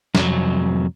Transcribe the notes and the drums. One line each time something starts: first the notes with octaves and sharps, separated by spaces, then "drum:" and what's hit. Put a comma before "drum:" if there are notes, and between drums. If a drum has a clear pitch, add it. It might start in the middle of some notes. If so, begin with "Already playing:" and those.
C2 F2 F#3, drum: snare